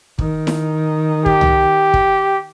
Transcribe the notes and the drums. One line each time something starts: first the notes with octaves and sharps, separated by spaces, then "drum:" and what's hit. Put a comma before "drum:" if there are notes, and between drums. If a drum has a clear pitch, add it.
D#3, drum: kick
drum: snare E4
G4, drum: kick
drum: tom
drum: kick